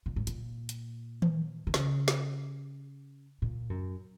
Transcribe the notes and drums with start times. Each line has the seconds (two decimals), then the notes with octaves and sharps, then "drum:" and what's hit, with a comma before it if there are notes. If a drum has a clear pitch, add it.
0.06 A#2
0.16 G#2
0.27 A#2, drum: hi-hat
0.69 drum: hi-hat
1.22 drum: tom D#3
1.67 D#3
1.74 C#3, drum: snare
2.08 drum: snare
3.42 A#2
3.70 F#2